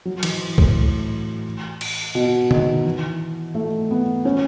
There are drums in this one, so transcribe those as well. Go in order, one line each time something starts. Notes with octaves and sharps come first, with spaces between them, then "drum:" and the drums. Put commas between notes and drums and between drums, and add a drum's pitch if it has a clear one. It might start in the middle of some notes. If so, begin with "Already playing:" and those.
F#3
E3, drum: cymbal
A2, drum: kick C#2
drum: cymbal
B2
D#3, drum: tom
E3
A3
B3
C#4